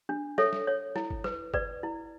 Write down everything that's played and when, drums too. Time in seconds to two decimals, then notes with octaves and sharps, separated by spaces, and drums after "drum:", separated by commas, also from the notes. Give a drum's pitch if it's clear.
0.09 D4
0.38 A4 C#5 E5, drum: snare
0.53 drum: snare
0.67 C#5
0.96 E4, drum: snare
1.10 drum: kick G1
1.24 B4, drum: snare
1.54 B4 D5, drum: kick G1
1.83 E4